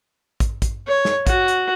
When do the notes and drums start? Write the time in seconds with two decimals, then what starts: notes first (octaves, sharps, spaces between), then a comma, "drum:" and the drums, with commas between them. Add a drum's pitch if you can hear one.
0.40 drum: kick, hi-hat
0.62 drum: kick, hi-hat
0.88 C#5
1.05 drum: snare
1.27 F#4, drum: kick, hi-hat
1.48 drum: hi-hat